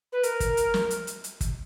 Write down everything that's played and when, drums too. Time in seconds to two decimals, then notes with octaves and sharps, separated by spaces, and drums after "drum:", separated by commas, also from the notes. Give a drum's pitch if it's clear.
0.12 B4
0.23 A#4, drum: hi-hat
0.40 drum: kick, hi-hat
0.57 drum: hi-hat
0.74 drum: snare
0.90 drum: hi-hat
1.07 drum: hi-hat
1.24 drum: hi-hat
1.41 drum: kick, hi-hat